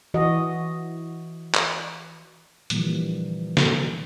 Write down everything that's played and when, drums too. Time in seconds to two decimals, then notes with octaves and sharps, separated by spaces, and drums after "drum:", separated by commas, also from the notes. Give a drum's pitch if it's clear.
0.14 E3 F#4 D#5
1.54 drum: clap
2.70 A#2 D3 E3 F3 G3 A#3, drum: hi-hat
3.57 drum: snare